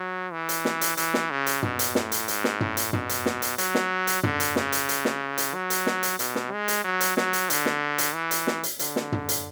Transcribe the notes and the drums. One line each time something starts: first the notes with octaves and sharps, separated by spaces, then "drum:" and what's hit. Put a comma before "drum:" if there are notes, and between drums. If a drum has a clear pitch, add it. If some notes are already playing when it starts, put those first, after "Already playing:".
Already playing: F#3
E3
drum: hi-hat
drum: snare
drum: hi-hat
E3, drum: hi-hat
drum: snare
C#3
drum: hi-hat
B2, drum: tom
drum: hi-hat
A2, drum: snare
drum: hi-hat
G#2, drum: hi-hat
drum: snare
A2, drum: tom
drum: hi-hat
B2, drum: tom
drum: hi-hat
drum: snare
drum: hi-hat
F#3, drum: hi-hat
drum: snare
drum: hi-hat
D3, drum: tom
drum: hi-hat
C#3, drum: snare
drum: hi-hat
drum: hi-hat
drum: snare
drum: hi-hat
F#3
drum: hi-hat
drum: snare
drum: hi-hat
B2, drum: hi-hat
drum: snare
G#3
drum: hi-hat
F#3
drum: hi-hat
F#3, drum: snare
drum: hi-hat
D3, drum: hi-hat
drum: snare
drum: hi-hat
E3
drum: hi-hat
drum: snare
drum: hi-hat
D3, drum: hi-hat
drum: snare
drum: tom
drum: hi-hat